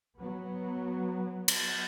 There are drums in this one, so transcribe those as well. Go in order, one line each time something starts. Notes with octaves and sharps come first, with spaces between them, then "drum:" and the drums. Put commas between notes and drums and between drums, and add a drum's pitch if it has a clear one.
F#3 B3
drum: cymbal